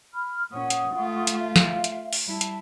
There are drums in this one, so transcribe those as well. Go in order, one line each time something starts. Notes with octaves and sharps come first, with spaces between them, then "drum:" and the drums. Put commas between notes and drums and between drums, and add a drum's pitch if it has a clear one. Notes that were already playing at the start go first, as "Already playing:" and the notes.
B5 F6
A#2 C#4 F#5 C#6 D#6
drum: hi-hat
A3 F4
drum: hi-hat
E5 F5
drum: snare
drum: hi-hat
drum: open hi-hat
G3 E4 A5
drum: hi-hat